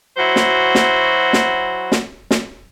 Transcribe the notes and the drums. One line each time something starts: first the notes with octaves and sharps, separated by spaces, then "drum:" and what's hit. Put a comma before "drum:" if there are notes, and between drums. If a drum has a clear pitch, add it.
F#3 E4 F#4 C5
drum: snare
drum: snare
drum: snare
drum: snare
drum: snare